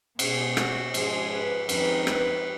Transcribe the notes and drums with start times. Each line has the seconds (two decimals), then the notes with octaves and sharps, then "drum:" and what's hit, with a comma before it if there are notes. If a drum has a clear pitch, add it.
0.19 B2 G#3 G#4, drum: cymbal
0.57 F#4, drum: rim click
0.94 G#2 F3 G#3 G#4, drum: cymbal
1.32 B4
1.69 F2 D#3 G#3 B4, drum: cymbal
2.07 B4, drum: rim click